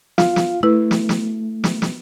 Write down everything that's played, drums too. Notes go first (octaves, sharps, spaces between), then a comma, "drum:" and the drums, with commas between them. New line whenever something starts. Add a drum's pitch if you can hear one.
F4 F5, drum: snare
drum: snare
A3 E4 B4
drum: snare
drum: snare
drum: snare
drum: snare